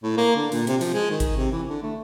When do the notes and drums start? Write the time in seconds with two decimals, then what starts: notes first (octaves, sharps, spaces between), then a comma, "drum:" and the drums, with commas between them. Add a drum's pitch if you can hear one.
0.03 A2
0.17 A#3
0.36 D3
0.52 A#2, drum: open hi-hat
0.67 C3, drum: hi-hat
0.81 F3, drum: open hi-hat
0.93 G#3
1.10 D#3
1.20 drum: kick G#1, hi-hat
1.36 C3
1.52 E3
1.68 D3
1.82 A3